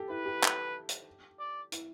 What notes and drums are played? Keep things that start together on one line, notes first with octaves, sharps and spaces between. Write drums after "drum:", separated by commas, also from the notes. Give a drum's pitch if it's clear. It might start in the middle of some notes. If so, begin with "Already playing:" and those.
Already playing: G4 A4
E4 B4
G4
drum: clap
drum: hi-hat
D5
E4, drum: hi-hat